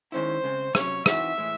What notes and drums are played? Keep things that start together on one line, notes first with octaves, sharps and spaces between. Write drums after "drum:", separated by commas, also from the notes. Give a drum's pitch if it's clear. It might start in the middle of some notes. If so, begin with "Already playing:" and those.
D#3 G#3 C#4 E4 C5
C#3 G#3 C4
C3 F#3 C#4 C#5, drum: rim click
E3 C4 D#4 F#4 E5, drum: rim click
A2 E3 G#3